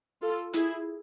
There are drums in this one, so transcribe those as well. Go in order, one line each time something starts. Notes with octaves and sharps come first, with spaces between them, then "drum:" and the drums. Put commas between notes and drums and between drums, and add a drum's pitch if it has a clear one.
F4 A4
E4 G#4, drum: hi-hat